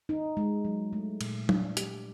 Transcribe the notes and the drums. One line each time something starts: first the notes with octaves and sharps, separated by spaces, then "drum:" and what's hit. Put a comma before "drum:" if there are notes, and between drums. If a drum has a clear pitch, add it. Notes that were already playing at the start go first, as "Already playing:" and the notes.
D#4
G#3
F#3
A3
A#2, drum: cymbal
D4, drum: tom F#3
G4, drum: hi-hat